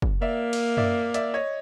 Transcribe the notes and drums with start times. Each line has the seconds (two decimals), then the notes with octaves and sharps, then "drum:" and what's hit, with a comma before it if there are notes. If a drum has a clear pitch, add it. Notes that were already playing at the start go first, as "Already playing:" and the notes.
0.02 drum: kick
0.21 A#3 D5 E5
0.53 drum: cymbal
0.77 D5 E5, drum: tom F#2
1.14 D5 E5, drum: hi-hat
1.33 C#5 D#5